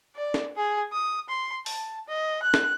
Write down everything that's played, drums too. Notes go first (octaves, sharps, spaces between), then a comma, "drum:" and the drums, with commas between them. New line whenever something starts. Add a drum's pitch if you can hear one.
D5
drum: snare
G#4
D#6
C6
A5, drum: open hi-hat
D#5
F#6
drum: snare